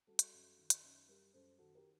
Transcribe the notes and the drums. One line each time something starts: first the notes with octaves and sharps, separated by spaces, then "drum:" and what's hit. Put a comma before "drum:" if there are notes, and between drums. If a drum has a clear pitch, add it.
G3 F#4 A4
drum: hi-hat
F#2
D#3
drum: hi-hat
F#2
G3 G4 A#4
F#2 A4 C5
D#3 F#4 A4
G4 A#4